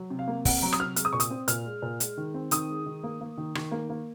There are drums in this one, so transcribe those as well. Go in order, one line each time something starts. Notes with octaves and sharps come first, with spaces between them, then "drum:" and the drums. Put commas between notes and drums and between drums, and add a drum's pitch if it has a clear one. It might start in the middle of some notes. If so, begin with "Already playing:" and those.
Already playing: F#3
C3
F5
A#3
C3 F#5, drum: kick, open hi-hat
F#3 A#5
D#6, drum: rim click
C3 F6
G#3 F6, drum: hi-hat
D#6
A#2 C#6
D#6, drum: hi-hat
C4
A#2 F6, drum: hi-hat
G#3
A#2
G#3, drum: hi-hat
D#3
C4
D#3 D#6, drum: hi-hat
G#3
D#3
A#3
A#3
D#3
D#3, drum: rim click
A#3
A#3